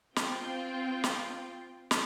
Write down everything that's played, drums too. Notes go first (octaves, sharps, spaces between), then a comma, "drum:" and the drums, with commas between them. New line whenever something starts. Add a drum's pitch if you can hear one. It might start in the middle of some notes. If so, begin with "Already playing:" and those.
C4 F4 G5, drum: snare
drum: snare
drum: snare